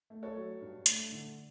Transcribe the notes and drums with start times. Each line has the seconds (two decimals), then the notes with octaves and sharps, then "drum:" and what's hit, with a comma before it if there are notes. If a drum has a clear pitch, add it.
0.10 A3
0.23 A4 C#5
0.35 F#3
0.61 G2
0.86 A3, drum: hi-hat
1.12 D3